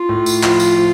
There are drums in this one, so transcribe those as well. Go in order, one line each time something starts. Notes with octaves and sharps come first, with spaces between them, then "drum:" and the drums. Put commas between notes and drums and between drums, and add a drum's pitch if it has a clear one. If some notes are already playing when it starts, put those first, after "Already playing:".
Already playing: F4
A2
drum: tambourine
F3, drum: clap
drum: tambourine
F3